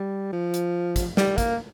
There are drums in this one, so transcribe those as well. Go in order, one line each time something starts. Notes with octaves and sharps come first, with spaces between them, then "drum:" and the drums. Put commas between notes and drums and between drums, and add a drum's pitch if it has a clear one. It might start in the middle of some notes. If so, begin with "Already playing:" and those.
Already playing: G3
F3
drum: hi-hat
drum: kick, hi-hat
G3, drum: snare
A#3, drum: kick, hi-hat